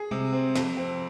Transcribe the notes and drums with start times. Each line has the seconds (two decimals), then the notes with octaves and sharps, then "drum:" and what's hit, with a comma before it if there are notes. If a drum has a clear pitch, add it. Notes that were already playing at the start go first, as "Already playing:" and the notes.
Already playing: G#4
0.11 C3, drum: tom G3
0.33 C4
0.56 F2, drum: snare
0.77 C4